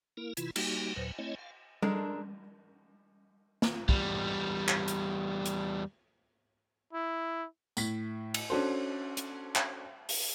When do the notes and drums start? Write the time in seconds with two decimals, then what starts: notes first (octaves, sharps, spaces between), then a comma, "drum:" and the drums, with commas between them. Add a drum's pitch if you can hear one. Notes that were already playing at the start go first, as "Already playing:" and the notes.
0.17 A#3 E4 A#4
0.37 C3 E3 E4 F4, drum: hi-hat
0.56 G3 A#3 D#4 F#4 G4, drum: cymbal
0.96 D#2 A#2 F#3 B4 C5
1.18 A3 C4 E4 C#5 D#5
1.39 F5
1.82 G#3 D4 A4 A#4, drum: tom G3
3.62 drum: snare
3.89 E2 G3, drum: kick
4.68 drum: clap
4.88 drum: hi-hat
5.46 drum: hi-hat
6.93 E4
7.77 A2 B6, drum: tambourine
8.34 drum: cymbal
8.50 C#4 D4 F#4 A4 C5
9.17 drum: hi-hat
9.56 drum: clap
10.09 drum: open hi-hat